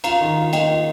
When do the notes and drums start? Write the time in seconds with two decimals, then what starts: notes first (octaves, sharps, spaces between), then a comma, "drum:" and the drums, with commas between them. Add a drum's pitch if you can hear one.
0.04 F4 F5 A#5, drum: cymbal
0.21 D#3
0.37 F4
0.53 A#3 D#5 G5, drum: cymbal
0.70 F4